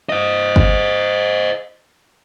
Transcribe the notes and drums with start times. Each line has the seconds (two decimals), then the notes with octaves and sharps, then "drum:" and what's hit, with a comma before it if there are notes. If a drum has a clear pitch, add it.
0.09 C5 D#5
0.56 drum: kick G1